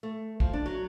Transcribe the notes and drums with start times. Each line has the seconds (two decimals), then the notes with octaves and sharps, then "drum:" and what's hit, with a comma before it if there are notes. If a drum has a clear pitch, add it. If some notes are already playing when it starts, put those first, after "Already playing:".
0.03 A3
0.40 F3, drum: kick
0.53 D4
0.66 F#3